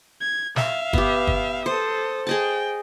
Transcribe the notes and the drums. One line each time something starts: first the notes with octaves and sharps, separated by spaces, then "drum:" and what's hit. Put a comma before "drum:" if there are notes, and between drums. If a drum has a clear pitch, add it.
G#6
E5 F5, drum: snare
B3 G4, drum: kick
drum: kick
A4 C5 D#6
G#4 D#5 G5 A5